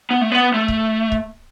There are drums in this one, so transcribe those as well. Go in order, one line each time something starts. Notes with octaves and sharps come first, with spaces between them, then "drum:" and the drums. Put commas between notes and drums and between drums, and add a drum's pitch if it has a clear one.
B3
A3
B3
A3
drum: kick C#1
drum: kick C#1